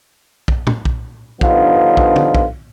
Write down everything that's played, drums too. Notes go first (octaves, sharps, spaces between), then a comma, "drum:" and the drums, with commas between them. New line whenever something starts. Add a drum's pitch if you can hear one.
drum: kick B1
drum: tom
drum: kick B1
G2 D3 F3 B3 D#4 F4, drum: kick B1
drum: kick B1
drum: tom
drum: kick B1